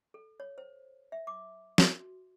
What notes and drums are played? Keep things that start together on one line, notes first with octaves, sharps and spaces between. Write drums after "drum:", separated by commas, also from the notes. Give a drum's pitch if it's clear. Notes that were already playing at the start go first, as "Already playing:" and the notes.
A4
C#5
C5
E5
D6
F#4, drum: snare